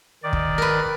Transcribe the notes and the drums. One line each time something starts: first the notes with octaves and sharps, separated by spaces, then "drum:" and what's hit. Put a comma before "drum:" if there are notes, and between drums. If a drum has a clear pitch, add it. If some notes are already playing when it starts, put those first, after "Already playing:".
D#3 D5
drum: kick
A#4 B4